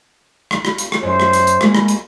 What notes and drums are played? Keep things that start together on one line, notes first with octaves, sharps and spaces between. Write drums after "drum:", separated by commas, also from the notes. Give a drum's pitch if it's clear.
drum: rim click
drum: rim click
drum: hi-hat
drum: rim click
F#2 C5
drum: rim click
drum: hi-hat
drum: hi-hat
G#3 A#3, drum: rim click
drum: rim click
drum: hi-hat